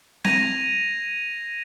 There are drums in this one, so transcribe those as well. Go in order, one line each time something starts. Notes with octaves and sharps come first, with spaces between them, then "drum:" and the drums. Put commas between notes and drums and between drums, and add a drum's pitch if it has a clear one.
G#6 A#6 D#7 F7, drum: snare C4